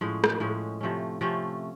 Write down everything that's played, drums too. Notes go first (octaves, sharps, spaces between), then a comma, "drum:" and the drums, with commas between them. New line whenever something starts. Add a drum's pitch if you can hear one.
A2 F3 G#3 C#4
drum: rim click
A2 F3 G#3 C#4
C3 F3 A3 C#4
C3 F3 A3 C#4